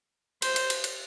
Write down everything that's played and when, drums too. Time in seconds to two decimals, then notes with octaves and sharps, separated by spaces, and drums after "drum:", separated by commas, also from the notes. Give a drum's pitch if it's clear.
0.42 C5, drum: cymbal
0.56 drum: cymbal
0.70 drum: cymbal
0.84 drum: cymbal